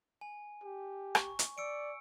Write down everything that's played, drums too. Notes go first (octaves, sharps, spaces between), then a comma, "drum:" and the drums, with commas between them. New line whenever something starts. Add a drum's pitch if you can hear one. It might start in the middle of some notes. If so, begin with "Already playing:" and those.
G#5
G4
C#6, drum: rim click
drum: hi-hat
D5 E6 C#7 D7